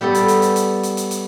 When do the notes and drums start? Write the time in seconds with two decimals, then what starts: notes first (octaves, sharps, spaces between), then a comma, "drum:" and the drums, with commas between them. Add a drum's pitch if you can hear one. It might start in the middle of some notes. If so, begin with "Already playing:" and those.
0.01 G3 B3 G4 A4
0.15 drum: hi-hat
0.28 drum: hi-hat
0.42 drum: hi-hat
0.56 drum: hi-hat
0.83 drum: hi-hat
0.97 drum: hi-hat
1.11 drum: hi-hat